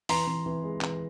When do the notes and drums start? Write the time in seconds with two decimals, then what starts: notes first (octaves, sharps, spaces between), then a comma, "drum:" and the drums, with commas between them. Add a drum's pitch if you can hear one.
0.09 E3 A#5 C6, drum: open hi-hat
0.27 E3
0.46 E3
0.63 G#3
0.81 E3, drum: clap